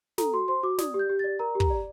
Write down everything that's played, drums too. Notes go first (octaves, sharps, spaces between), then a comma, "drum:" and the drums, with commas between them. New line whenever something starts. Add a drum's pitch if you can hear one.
A4 A#5, drum: snare
F#4 C6
C5 C6
F#4 D6
D5 D#6, drum: snare
G4
G6
G4
D5 A6
A#4 A#5
G4
A#5, drum: kick
D5